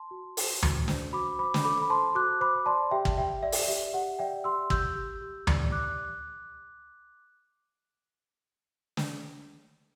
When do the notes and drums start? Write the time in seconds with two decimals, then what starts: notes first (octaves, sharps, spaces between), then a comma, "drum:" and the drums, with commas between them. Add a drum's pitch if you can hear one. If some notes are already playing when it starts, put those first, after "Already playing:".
Already playing: A5 C6
0.11 F#4
0.37 C5, drum: open hi-hat
0.62 F#4, drum: tom D2
0.88 C5, drum: snare
1.13 F#4 B5 D6
1.39 C5 B5 D6
1.54 drum: snare
1.64 A4 B5 D6
1.82 B5
1.90 C5 A5 C6
2.15 F#4 D6 F#6
2.41 C5 B5 D6
2.66 D5 A5 C6
2.91 G4 E5 G5
3.05 drum: kick
3.17 G4 E5 G5
3.43 D5 E5
3.52 drum: open hi-hat
3.68 G4 E5
3.94 G4 F#5
4.19 D5 E5 G5
4.44 G4 C6 E6
4.70 G4 E6 G6, drum: kick
4.96 G4
5.21 G4
5.47 D5, drum: tom D2
5.72 G4 D6 F#6
8.97 drum: snare